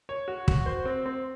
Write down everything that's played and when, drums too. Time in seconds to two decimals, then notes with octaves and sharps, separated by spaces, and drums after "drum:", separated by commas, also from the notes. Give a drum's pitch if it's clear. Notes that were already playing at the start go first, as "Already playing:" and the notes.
0.09 C#5
0.28 F#4
0.48 F#4, drum: kick
0.66 C5
0.85 C4
1.06 C4